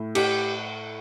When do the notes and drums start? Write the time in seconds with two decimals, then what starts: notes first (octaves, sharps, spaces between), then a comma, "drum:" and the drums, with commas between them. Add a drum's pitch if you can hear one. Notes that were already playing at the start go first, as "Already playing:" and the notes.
Already playing: A2 A3
0.15 G4, drum: cymbal